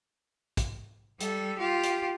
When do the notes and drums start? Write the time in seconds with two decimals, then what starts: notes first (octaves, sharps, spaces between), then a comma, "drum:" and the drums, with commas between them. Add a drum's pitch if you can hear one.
0.57 drum: kick, hi-hat
1.20 G3 A4, drum: hi-hat
1.59 F4 G4
1.83 drum: hi-hat